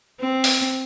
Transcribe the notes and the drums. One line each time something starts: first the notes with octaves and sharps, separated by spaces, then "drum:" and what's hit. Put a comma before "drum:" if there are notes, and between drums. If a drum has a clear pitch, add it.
C4
drum: open hi-hat